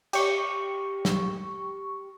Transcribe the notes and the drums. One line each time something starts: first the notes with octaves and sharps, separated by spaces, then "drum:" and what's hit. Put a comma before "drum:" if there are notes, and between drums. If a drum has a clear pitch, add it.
G4 C#6, drum: cymbal
drum: snare